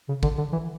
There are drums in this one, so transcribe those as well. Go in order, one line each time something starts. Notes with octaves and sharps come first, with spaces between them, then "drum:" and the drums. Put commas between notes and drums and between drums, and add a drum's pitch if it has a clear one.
C#3
D3, drum: kick
D3
E3